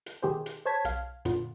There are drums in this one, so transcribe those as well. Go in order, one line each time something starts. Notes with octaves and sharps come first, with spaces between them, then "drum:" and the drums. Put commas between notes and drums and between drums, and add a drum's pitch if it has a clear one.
drum: hi-hat
B2 D#3 G4 G#4 C5
drum: hi-hat
C5 C#5 A5 G#6 B6
B1 F5, drum: hi-hat
F#2 A#2 D3 B3 F4, drum: hi-hat